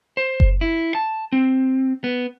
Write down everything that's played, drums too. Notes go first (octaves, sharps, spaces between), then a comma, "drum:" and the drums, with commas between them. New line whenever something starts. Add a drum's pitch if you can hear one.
C5
drum: kick F#1
E4
A5
C4
B3